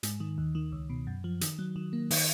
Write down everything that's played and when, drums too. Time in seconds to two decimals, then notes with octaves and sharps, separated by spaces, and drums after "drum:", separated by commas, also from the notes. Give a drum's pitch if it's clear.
0.03 G#2, drum: hi-hat
0.20 D#3
0.38 D#2
0.55 D#3
0.72 C#2
0.90 B2
1.07 F#2
1.24 F3
1.41 D#3, drum: hi-hat
1.59 F#3
1.76 D#3
1.93 A#3
2.11 D#3, drum: open hi-hat